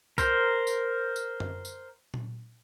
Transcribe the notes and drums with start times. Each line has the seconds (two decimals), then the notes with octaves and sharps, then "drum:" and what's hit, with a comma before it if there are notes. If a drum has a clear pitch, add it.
0.18 A#4 C5, drum: kick B1, tambourine
0.67 drum: tambourine
1.16 drum: tambourine
1.40 drum: tom F#2
1.65 drum: tambourine
2.14 drum: tom A#2